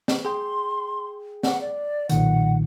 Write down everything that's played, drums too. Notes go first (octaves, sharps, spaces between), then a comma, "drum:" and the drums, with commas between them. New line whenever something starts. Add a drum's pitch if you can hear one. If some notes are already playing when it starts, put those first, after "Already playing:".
drum: snare
G#4 G5 C6
F#5, drum: snare
D5
B1 A#2 D#3 F#5, drum: hi-hat